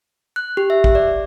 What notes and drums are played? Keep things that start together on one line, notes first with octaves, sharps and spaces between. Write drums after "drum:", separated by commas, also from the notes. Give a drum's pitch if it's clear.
F#6
G4
E5
drum: kick
D5